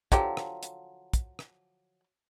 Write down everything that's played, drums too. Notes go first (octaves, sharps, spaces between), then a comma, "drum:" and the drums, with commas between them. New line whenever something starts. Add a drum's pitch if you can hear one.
D3 F3 F#3 G4, drum: kick, hi-hat
drum: rim click
drum: hi-hat
drum: kick, hi-hat
drum: rim click